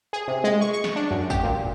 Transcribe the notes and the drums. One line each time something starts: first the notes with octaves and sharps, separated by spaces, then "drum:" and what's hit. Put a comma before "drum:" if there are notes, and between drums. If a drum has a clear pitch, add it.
G#4
C3
G#3
C#6
C#6
drum: snare
D4
F#2
G4, drum: kick, tambourine
A#2